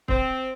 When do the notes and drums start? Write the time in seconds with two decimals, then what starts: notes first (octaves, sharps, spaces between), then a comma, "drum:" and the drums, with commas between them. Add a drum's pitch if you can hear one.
0.08 C4, drum: kick